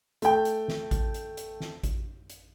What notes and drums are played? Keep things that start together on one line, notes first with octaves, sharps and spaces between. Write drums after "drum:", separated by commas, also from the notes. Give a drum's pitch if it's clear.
A3 G5, drum: hi-hat
drum: hi-hat
drum: snare
drum: kick A1, hi-hat
drum: hi-hat
drum: hi-hat
drum: snare
drum: kick A1, hi-hat
drum: hi-hat